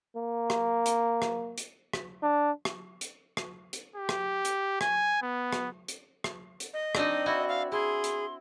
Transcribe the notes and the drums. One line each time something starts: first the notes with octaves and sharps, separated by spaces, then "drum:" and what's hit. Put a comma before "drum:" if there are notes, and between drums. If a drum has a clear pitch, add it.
A#3
drum: rim click
drum: hi-hat
drum: rim click
drum: hi-hat
drum: rim click
D4
drum: rim click
drum: hi-hat
drum: rim click
drum: hi-hat
G4
drum: rim click
drum: hi-hat
G#5, drum: rim click
B3
drum: rim click
drum: hi-hat
drum: rim click
drum: hi-hat
D#5
C4 D4 D#4 D5, drum: rim click
E4 F#4
F5
E4 G#4 C6
drum: hi-hat